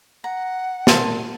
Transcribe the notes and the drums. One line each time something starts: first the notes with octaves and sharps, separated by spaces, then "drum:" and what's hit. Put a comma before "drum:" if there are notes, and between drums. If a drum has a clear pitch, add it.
F#5 A#5
A#2 F4 A5 C6, drum: snare